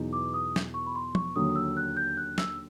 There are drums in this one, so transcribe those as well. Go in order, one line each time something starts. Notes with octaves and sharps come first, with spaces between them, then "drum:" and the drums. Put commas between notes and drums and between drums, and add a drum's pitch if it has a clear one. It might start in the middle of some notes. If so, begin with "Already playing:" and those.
Already playing: E2 B2 F#3 B3 D#4
D6
D#6
drum: snare
C#6
B5
C6
C#6, drum: tom F3
D#2 D3 F#3 D#6
E6
F#6
G6
F#6
E6, drum: snare